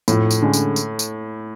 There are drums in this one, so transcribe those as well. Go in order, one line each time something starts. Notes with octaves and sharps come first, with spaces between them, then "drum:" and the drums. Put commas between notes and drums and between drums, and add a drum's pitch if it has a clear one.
F2 A2, drum: tambourine
drum: tambourine
D3 G#3 C#4
drum: tambourine
drum: tambourine
drum: tambourine